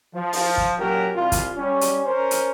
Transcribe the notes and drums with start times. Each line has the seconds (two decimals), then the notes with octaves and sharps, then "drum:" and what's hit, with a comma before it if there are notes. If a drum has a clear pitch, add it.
0.13 F3
0.33 drum: open hi-hat
0.57 drum: kick
0.78 A#2 F#3 C#4 G4 A#4
1.14 C2 F4
1.32 drum: kick, hi-hat
1.57 G3 C#4
1.81 drum: hi-hat
2.05 C#4 A#4 C5
2.31 drum: hi-hat